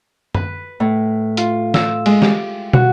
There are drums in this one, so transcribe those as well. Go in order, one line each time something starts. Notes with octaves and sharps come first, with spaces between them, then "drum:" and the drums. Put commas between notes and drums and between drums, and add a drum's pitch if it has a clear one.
B4, drum: tom F#2
A2
F4, drum: hi-hat
E6, drum: snare
G#3, drum: cymbal
G4, drum: snare
F#4, drum: tom